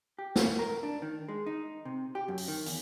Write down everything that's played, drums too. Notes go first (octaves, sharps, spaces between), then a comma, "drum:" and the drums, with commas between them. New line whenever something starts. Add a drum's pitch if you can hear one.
G4
A#3, drum: snare
A#4
D4
D#3
G#3
D#4
C3
G4
F#2
drum: open hi-hat
D#3
E2, drum: open hi-hat